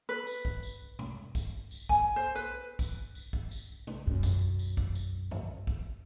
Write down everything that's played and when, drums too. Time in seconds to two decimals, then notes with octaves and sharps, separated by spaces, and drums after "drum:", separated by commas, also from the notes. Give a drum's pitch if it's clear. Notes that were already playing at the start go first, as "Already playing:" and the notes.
0.09 B4
0.27 drum: tambourine
0.45 drum: kick B1
0.63 drum: tambourine
0.99 drum: tom B2
1.35 drum: kick B1, tambourine
1.71 drum: tambourine
1.89 G#5, drum: kick B1
2.16 C5
2.35 B4
2.79 drum: kick B1, tambourine
3.15 drum: tambourine
3.33 drum: kick B1
3.51 drum: tambourine
3.87 drum: tom C3
4.06 B1 F#2
4.23 drum: kick B1, tambourine
4.59 drum: tambourine
4.77 drum: kick B1
4.95 drum: tambourine
5.31 drum: tom F#2
5.67 drum: kick B1